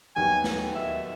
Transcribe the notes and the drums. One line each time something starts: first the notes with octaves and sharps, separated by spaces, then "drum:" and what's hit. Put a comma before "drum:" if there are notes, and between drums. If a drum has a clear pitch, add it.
D#2 D#3 F#3 B3 F#4 G#5
drum: snare
E5